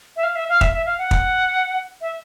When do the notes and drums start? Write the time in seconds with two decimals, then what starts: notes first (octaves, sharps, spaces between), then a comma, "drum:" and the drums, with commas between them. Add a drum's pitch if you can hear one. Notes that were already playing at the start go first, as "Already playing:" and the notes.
0.16 E5
0.23 F5
0.36 E5
0.49 F5
0.61 E5, drum: kick
0.73 E5
0.86 F5
0.98 F#5
1.11 drum: kick
2.01 E5